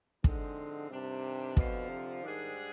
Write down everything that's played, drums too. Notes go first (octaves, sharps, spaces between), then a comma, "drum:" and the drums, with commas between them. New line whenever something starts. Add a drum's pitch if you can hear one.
G#2 D3 F3 G#3 C4 D#4, drum: kick
G2 C3 D#3 G3 D4 G4
F2 B2 D3 F3, drum: kick
C3
G#2 D#3 G3 D4 G#4 C5